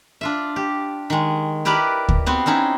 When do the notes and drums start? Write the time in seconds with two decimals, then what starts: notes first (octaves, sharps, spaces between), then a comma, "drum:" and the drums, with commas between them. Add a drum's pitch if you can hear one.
0.21 D4 F4 E5
0.56 G4
1.10 D#3 G#3
1.65 E4 G4 A#4 B4 D5
2.09 drum: kick D2
2.26 B3 C4 F#4
2.46 C4 C#4 D#4 E4